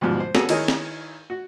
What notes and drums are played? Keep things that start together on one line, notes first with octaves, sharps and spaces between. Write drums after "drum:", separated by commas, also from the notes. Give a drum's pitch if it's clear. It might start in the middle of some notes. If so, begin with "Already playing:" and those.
D2 G#2 B2 F3 G3
C5
B3 C#4 F#4 G#4 A4, drum: snare
D#3 D#4 E4 G#4 A#4 C#5, drum: cymbal
drum: snare
F#4